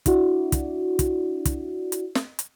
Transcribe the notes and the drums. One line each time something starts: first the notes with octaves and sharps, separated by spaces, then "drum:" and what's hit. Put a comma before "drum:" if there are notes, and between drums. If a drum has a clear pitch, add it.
D4 E4 F#4 D5, drum: kick, hi-hat
drum: kick, hi-hat
drum: kick, hi-hat
drum: kick, hi-hat
drum: hi-hat
drum: snare
drum: hi-hat